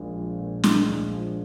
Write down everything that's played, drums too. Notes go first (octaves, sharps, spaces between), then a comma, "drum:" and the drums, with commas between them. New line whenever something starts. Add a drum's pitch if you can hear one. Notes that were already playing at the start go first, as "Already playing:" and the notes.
Already playing: A#1 A#2 G#3
F3
A#2
G#3, drum: snare
A#1
F3